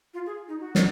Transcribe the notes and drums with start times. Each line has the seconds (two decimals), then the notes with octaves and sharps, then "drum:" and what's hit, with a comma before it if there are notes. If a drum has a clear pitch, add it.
0.14 F4
0.26 G#4
0.48 D#4
0.60 F#4
0.75 drum: snare